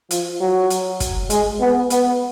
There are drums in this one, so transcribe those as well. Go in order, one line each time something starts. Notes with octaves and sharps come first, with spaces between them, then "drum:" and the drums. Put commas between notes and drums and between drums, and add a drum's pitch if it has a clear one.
F3, drum: hi-hat
F#3
drum: hi-hat
drum: kick, hi-hat
G#3, drum: hi-hat
B3
B3, drum: hi-hat